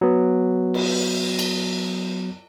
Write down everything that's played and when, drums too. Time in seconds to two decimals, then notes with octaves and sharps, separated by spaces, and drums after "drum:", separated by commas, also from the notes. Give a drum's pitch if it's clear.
0.01 F#3 B3
0.74 drum: cymbal
1.39 drum: cymbal